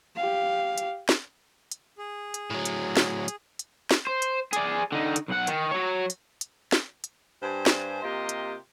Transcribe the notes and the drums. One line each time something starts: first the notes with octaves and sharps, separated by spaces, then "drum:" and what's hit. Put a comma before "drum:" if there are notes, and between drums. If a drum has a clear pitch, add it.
G4 F5
drum: hi-hat
drum: snare
drum: hi-hat
G#4
drum: hi-hat
A2 F#3
drum: hi-hat
drum: snare
drum: hi-hat
drum: hi-hat
drum: snare
C5
drum: hi-hat
G#4 D5, drum: hi-hat
D3 D#4
drum: hi-hat
B1 F#5
D#3, drum: hi-hat
F#3 C#5
drum: hi-hat
drum: hi-hat
drum: snare
drum: hi-hat
G2 C5 G#5
drum: snare
C3 A#3 F4 G4 D#5 C6
drum: hi-hat